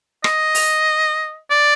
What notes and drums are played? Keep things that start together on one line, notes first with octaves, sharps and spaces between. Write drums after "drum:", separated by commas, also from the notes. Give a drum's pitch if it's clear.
D#5, drum: rim click
drum: open hi-hat
D5